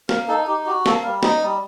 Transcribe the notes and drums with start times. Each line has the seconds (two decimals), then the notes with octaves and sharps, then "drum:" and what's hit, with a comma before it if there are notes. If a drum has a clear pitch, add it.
0.09 A#3 A#4, drum: snare
0.28 D#4 A4
0.47 D#4 G4
0.66 F#4 G4
0.86 A#3 A4, drum: snare
1.04 G3 A#4
1.23 D#4 D#5, drum: snare
1.42 G3